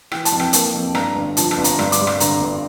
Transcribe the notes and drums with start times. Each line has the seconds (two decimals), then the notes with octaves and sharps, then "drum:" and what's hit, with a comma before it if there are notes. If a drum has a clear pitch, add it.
0.12 E3 G5, drum: rim click
0.25 A5, drum: hi-hat
0.32 F2
0.40 G5, drum: rim click
0.53 A#3 A5, drum: hi-hat
0.74 F2
0.95 G2 A#5, drum: rim click
1.16 G1
1.37 F3 A5, drum: hi-hat
1.51 A5, drum: rim click
1.58 G1
1.64 A#5, drum: hi-hat
1.79 G2 C6, drum: rim click
1.92 D6, drum: hi-hat
2.00 G3
2.07 C6, drum: rim click
2.20 D3 A#5, drum: hi-hat
2.41 G1